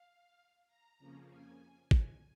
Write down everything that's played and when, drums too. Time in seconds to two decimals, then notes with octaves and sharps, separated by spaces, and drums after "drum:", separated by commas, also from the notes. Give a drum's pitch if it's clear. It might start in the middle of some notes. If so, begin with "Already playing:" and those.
Already playing: F5
0.67 A#5
0.99 F2 C#3 F3 A#3 C#4
1.30 G#5
1.91 G#5, drum: kick